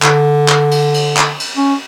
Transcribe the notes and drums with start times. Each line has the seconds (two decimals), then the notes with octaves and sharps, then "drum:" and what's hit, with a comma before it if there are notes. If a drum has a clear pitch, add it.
0.03 D3, drum: clap
0.48 drum: clap
0.71 drum: cymbal
0.94 drum: cymbal
1.17 drum: clap
1.40 drum: cymbal
1.56 C#4